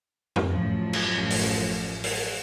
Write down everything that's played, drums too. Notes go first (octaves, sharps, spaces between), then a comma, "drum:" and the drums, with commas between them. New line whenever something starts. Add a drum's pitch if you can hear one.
drum: tom F2
A1 F#2 F3
drum: cymbal
drum: open hi-hat
drum: open hi-hat